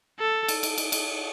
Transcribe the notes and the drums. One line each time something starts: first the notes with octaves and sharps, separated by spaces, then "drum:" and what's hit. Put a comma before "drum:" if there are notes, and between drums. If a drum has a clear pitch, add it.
A4
drum: cymbal
drum: cymbal
drum: cymbal
drum: cymbal